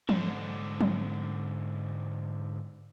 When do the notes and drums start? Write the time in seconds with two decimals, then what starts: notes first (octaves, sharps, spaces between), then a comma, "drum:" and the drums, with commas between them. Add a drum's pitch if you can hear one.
0.09 G#2 D3, drum: tom
0.81 drum: tom F3